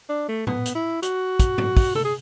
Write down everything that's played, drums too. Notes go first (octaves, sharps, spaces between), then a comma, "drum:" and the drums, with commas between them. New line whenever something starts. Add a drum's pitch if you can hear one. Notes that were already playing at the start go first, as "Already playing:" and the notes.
D4
A3
B3, drum: tom A2
drum: hi-hat
E4
F#4, drum: hi-hat
drum: kick, hi-hat
drum: tom G#2
drum: kick, open hi-hat
A4, drum: tom C3
G#4